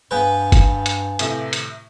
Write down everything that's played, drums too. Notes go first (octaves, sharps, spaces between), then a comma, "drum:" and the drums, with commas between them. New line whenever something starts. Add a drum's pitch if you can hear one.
G2 B3 B4 F5 G#5 G6
drum: kick F#1, hi-hat
drum: hi-hat
A2 C3, drum: hi-hat
drum: hi-hat